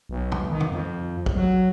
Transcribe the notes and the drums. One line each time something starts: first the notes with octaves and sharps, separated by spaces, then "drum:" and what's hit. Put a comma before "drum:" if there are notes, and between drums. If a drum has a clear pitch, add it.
B1
drum: tom
D#3
drum: tom
F2
drum: kick
F#3